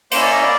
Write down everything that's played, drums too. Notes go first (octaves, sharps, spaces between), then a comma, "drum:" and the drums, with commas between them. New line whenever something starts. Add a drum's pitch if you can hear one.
A#3 C#4 E4 C5, drum: cymbal
D5
D#5
D5